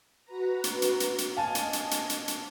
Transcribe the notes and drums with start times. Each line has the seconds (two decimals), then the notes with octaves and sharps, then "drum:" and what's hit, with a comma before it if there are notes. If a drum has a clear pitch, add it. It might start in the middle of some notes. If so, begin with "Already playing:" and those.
0.25 F#4 B4 A#5
0.64 drum: hi-hat
0.82 drum: hi-hat
1.00 drum: hi-hat
1.18 drum: hi-hat
1.37 D#5 F5 G#5 A5 G#6
1.55 drum: hi-hat
1.73 drum: hi-hat
1.91 drum: hi-hat
2.10 drum: hi-hat
2.28 drum: hi-hat